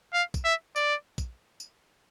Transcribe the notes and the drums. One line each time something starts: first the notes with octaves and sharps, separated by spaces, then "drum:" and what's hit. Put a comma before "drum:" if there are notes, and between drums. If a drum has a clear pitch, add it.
F5
drum: kick, tambourine
E5
D5, drum: tambourine
drum: kick, tambourine
drum: tambourine